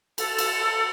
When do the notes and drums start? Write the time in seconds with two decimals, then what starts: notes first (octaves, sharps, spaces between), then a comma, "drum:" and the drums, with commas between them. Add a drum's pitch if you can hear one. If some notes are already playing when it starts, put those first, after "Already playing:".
0.18 A4, drum: cymbal
0.38 drum: cymbal